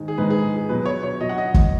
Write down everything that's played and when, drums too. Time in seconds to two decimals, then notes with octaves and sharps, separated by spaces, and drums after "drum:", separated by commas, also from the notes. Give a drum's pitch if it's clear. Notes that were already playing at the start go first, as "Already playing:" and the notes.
Already playing: G#2 D#3 G#3
0.08 G#4
0.18 G#2 D#3 G#3 B4
0.30 G#4
0.56 G#4
0.69 B2 F#3 B4
0.86 C#5
1.03 C#5
1.20 B2 F#3 D#5
1.29 F#5
1.38 D#5
1.54 drum: kick